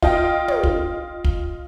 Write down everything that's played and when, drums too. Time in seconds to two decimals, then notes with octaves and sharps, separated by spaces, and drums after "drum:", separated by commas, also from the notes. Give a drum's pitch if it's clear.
0.02 F4 D#5 G5, drum: kick
0.48 drum: tom
0.63 drum: kick
1.24 drum: kick